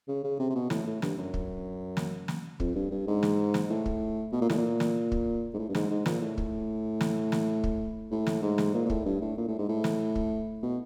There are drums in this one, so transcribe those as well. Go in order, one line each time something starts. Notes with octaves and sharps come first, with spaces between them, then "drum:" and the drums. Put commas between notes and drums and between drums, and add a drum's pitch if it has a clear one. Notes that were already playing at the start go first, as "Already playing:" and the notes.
C#3
C#3
C3
C3
B2
A2, drum: snare
A2
G2, drum: snare
F#2
drum: kick
drum: snare
drum: snare
F2, drum: kick
G2
G2
G#2
drum: snare
drum: snare
A2
drum: kick
B2
A#2
A2, drum: snare
A#2
drum: snare
drum: kick
G#2
A2
G2
G#2, drum: snare
G#2
A#2, drum: snare
A2
drum: kick
drum: snare
drum: snare
drum: kick
A2
drum: snare
G#2
drum: snare
A#2
A#2
A2, drum: kick
G2
A2
A#2
A2
G#2
A2
drum: snare
drum: kick
B2